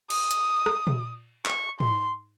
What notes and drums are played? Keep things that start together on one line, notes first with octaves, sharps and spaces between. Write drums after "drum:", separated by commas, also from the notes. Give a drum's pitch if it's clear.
D#6, drum: cymbal
drum: hi-hat
drum: rim click
drum: tom A#2
C#6, drum: clap
C6, drum: tom G#2